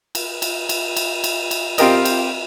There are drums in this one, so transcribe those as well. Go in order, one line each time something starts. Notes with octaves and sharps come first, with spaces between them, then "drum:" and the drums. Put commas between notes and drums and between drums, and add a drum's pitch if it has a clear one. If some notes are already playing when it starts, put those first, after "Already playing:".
drum: cymbal
drum: cymbal
drum: cymbal
drum: cymbal
drum: cymbal
drum: cymbal
C4 F4 G4 A#4 D#5, drum: cymbal
drum: cymbal